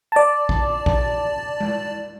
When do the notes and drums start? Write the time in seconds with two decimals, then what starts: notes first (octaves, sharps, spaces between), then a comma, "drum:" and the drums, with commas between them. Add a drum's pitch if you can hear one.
0.12 D5 A5
0.49 drum: kick A#1
0.86 drum: kick A#1
1.61 drum: tom G#3